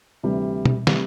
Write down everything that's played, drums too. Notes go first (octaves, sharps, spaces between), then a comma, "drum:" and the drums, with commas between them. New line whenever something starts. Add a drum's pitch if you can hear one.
D2 C3 E3 G3
drum: tom B2
C3 E3 G3, drum: snare